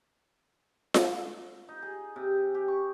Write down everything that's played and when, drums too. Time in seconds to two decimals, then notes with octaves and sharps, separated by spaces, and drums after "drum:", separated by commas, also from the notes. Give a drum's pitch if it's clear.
0.94 drum: snare F4
1.69 D#4
1.82 G#4
2.16 C3
2.54 G4
2.68 C#6